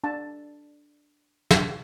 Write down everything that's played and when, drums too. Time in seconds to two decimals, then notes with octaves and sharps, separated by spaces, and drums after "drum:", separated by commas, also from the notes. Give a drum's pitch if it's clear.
0.04 D4 A5
1.51 drum: snare